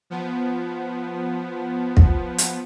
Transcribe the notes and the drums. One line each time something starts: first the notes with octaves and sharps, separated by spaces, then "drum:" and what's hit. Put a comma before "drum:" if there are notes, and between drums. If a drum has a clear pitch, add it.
F3 B3
drum: kick
drum: hi-hat